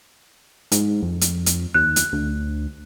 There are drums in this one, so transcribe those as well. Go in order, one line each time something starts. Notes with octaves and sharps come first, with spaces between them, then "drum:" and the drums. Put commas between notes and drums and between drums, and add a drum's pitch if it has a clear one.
G#2, drum: hi-hat
F2
drum: hi-hat
drum: hi-hat
D#2 F#6
drum: hi-hat
D2